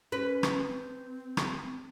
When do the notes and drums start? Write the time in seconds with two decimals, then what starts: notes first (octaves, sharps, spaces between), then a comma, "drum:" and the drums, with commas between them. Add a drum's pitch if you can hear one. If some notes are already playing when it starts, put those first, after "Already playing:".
0.12 C#4 B4
0.43 drum: rim click
0.67 C4
1.37 drum: rim click